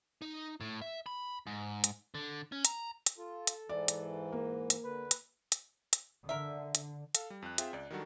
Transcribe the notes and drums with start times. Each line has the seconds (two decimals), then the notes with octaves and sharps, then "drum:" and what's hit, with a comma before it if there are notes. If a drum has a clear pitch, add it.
0.22 D#4
0.60 A2
0.82 E5
1.06 B5
1.47 G#2
1.84 drum: hi-hat
2.14 D3
2.52 C#4
2.65 A#5, drum: hi-hat
3.07 drum: hi-hat
3.18 F4 A4
3.47 drum: hi-hat
3.69 G#2 E3 D5
3.88 drum: hi-hat
4.32 A#3
4.70 drum: hi-hat
4.84 D3 B4
5.11 drum: hi-hat
5.52 drum: hi-hat
5.93 drum: hi-hat
6.29 D3 A#4 E5
6.75 drum: hi-hat
7.15 A4 F5, drum: hi-hat
7.30 G3
7.42 F2 F#6
7.58 C4 F4 G#4 E5 G5, drum: hi-hat
7.73 C#2 D5
7.91 D#3 F#3 G3 D4 F#4 A4